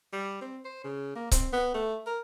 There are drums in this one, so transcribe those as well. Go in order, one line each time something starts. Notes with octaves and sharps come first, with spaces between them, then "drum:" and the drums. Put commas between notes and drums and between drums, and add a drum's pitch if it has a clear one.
G3
C4
C5
C#3
A#3
C4, drum: kick C#1, hi-hat
B3
A3
A#4